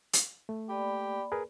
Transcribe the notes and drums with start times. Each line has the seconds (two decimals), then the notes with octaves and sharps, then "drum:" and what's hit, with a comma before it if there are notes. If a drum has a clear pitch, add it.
0.13 drum: hi-hat
0.49 A3
0.69 A#3 G4 D5 B5
1.32 G#4 A#4 B4